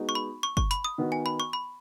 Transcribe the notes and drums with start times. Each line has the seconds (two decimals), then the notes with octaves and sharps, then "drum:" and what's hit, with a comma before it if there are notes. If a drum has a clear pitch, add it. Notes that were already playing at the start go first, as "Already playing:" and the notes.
Already playing: G#3 B3 D#4 F#4
0.09 C#6
0.15 B5
0.43 C#6
0.57 C#6, drum: kick G1
0.71 B5, drum: hi-hat
0.84 D#6
0.98 D#3 B3 F#4
1.12 G#5
1.26 B5
1.40 C#6
1.53 B5